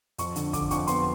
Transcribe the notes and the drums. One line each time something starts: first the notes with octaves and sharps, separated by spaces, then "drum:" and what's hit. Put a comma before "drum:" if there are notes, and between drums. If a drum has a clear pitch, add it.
F2 C#6, drum: hi-hat
D3, drum: hi-hat
D3 D6, drum: kick, hi-hat
F2 C#6, drum: hi-hat
B3 C6, drum: hi-hat